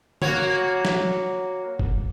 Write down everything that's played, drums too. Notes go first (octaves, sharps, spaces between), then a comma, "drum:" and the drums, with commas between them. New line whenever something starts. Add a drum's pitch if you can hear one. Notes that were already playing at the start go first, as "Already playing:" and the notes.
A#3 F#4 C#5, drum: tom
drum: snare
drum: kick F#1